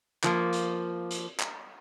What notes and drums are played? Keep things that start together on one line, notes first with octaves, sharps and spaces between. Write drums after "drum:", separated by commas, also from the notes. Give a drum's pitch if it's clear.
F3 A#3, drum: clap
drum: hi-hat
drum: hi-hat
drum: clap